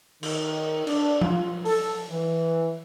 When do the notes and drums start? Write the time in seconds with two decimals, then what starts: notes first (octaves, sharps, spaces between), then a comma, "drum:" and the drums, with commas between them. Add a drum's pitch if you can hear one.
0.23 D#3, drum: cymbal
0.87 D4, drum: cymbal
1.21 F4, drum: tom F3
1.65 A4, drum: open hi-hat
2.09 E3